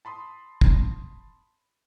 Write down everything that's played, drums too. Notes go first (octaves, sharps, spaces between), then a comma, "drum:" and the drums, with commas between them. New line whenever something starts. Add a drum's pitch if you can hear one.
A5 B5 C6 D#6
drum: kick